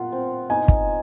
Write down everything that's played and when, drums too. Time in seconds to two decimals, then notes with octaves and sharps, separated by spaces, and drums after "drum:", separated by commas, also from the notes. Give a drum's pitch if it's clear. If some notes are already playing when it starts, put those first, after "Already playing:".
Already playing: F4 A#4 F#5
0.12 C4
0.50 D#4 G#5
0.68 drum: kick